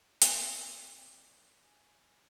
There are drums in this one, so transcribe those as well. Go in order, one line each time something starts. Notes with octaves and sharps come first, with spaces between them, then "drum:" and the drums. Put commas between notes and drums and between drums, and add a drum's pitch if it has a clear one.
C4 D5, drum: hi-hat
G#5